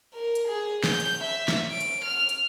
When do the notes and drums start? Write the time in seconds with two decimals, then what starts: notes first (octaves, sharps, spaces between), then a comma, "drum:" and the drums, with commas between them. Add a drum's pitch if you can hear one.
0.14 A#4
0.35 drum: hi-hat
0.48 G#4
0.84 G6, drum: snare
1.00 drum: hi-hat
1.23 E5
1.48 drum: snare
1.71 D7
1.81 drum: hi-hat
2.04 F6
2.29 drum: hi-hat